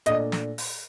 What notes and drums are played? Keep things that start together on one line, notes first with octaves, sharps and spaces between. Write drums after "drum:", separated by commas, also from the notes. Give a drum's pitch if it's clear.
A#2 A3 D4 D#5, drum: hi-hat
drum: snare
drum: open hi-hat